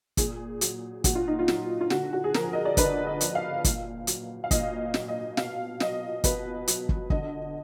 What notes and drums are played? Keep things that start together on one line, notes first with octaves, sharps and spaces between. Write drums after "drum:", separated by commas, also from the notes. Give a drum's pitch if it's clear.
A#2 G#4, drum: kick, hi-hat
F#3, drum: hi-hat
A#2 F#4, drum: kick, hi-hat
F4
D#4
F4
F#3, drum: snare
F4
D3 F#4, drum: snare
F#4
G#4
F3 A#4, drum: snare
D#5
D5
D3 B4, drum: kick, hi-hat
D#5
F3, drum: hi-hat
F5
A#2, drum: kick, hi-hat
F#3, drum: hi-hat
F5
A#2 D#5, drum: kick, hi-hat
F#3, drum: snare
D#5
B2 F5, drum: snare
F#3 D#5, drum: snare
B2 B4, drum: kick, hi-hat
F#3, drum: hi-hat
drum: kick
D3 D#5, drum: kick